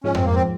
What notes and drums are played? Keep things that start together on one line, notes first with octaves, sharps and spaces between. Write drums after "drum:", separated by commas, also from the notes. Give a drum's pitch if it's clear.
G#2 F3 G#3 C#4
C4, drum: tom F2
A#3
C4